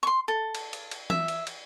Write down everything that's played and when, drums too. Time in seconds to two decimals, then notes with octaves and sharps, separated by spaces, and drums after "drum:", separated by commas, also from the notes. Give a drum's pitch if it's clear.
0.03 C6 C#6
0.28 A4
0.55 drum: cymbal
0.73 drum: cymbal
0.91 drum: cymbal
1.10 E5, drum: tom E3
1.28 drum: cymbal
1.47 drum: cymbal